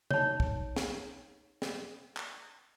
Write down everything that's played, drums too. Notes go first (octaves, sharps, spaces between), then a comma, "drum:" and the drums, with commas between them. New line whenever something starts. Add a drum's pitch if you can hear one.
D#4 C#5, drum: tom C3
drum: kick
drum: snare
drum: snare
drum: clap